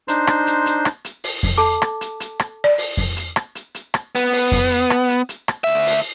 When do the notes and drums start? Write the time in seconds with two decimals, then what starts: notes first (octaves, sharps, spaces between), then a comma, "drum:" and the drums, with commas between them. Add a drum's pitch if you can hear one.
0.08 D4 D#4 C5 C6, drum: hi-hat
0.27 drum: rim click
0.47 drum: hi-hat
0.66 drum: hi-hat
0.85 drum: rim click
1.05 drum: hi-hat
1.24 drum: open hi-hat
1.43 drum: kick F2, open hi-hat
1.57 A4 A5 D6
1.82 drum: rim click
2.01 drum: hi-hat
2.20 drum: hi-hat
2.40 drum: rim click
2.64 D5
2.78 drum: open hi-hat
2.97 drum: kick F2, open hi-hat
3.17 drum: hi-hat
3.36 drum: rim click
3.55 drum: hi-hat
3.75 drum: hi-hat
3.94 drum: rim click
4.15 B3, drum: hi-hat
4.32 drum: open hi-hat
4.52 drum: kick F2, open hi-hat
4.71 drum: hi-hat
4.90 drum: rim click
5.10 drum: hi-hat
5.29 drum: hi-hat
5.48 drum: rim click
5.64 D2 E5
5.87 drum: open hi-hat